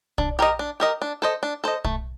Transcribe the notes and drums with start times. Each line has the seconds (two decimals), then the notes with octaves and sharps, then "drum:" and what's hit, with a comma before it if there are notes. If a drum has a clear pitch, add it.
0.18 D4, drum: kick
0.39 G4 A#4 D#5
0.59 D4
0.80 G4 A#4 D#5
1.02 D4
1.22 A4 C5 D#5
1.43 D4
1.64 A4 C5 D#5
1.85 A3, drum: kick